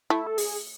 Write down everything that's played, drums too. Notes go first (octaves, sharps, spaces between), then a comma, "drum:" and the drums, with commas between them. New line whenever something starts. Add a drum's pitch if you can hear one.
A3 E4
A4
G#4, drum: open hi-hat